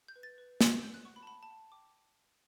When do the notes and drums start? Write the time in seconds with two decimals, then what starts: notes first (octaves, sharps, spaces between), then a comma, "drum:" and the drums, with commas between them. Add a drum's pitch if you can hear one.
0.08 G6
0.16 B4
0.23 A6
0.38 B4
0.61 B4, drum: snare
0.82 C#5 G6
0.94 F#6
1.05 F#5 C#6
1.16 B5
1.23 A5
1.27 F#5 B5
1.43 A5
1.49 F#5
1.72 G5 D6